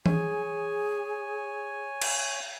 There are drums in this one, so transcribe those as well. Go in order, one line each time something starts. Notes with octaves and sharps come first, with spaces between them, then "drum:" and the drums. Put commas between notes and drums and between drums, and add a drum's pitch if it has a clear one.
G#4 C#5 G#5, drum: tom E3
drum: cymbal